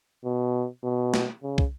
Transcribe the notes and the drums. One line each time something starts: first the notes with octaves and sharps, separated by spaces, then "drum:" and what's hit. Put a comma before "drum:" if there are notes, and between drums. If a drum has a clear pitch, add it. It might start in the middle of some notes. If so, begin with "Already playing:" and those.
B2
B2
drum: snare
C#3
drum: kick